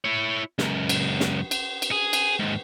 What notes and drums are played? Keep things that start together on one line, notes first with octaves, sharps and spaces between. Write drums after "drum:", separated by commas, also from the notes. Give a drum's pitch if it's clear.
E4 C#5
C#2 F#2, drum: snare
drum: cymbal
drum: snare
drum: cymbal
drum: cymbal
G#4
drum: cymbal
D#2 G#2